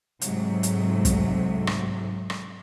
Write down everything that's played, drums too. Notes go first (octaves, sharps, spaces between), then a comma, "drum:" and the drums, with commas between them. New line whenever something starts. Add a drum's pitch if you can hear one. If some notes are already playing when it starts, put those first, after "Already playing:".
G#2 C3 F#3 A3, drum: hi-hat
drum: hi-hat
drum: kick, hi-hat
drum: rim click
drum: rim click